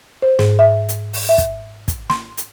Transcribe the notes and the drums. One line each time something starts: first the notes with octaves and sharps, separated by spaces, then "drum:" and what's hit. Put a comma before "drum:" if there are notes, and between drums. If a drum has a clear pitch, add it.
C5
G#2, drum: snare
E5
drum: hi-hat
drum: open hi-hat
E5
drum: kick, hi-hat
drum: kick, hi-hat
C6, drum: snare
drum: hi-hat